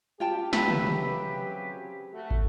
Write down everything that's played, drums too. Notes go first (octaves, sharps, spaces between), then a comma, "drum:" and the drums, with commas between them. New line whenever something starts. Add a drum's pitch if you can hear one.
C#3 C4 F4 G4 G5 A5
F#3 B4 E5, drum: snare
drum: tom
drum: tom
A3 F#4
drum: kick